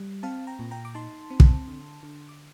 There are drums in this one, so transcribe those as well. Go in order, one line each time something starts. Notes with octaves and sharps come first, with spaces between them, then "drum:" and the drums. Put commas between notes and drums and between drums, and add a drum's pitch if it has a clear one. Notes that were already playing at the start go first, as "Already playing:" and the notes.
Already playing: G3
C4 F5 A5
G5 A#5
A#2
G5 A#5
D6
D#4 A5 C6
C4
drum: kick
D3
D3
D6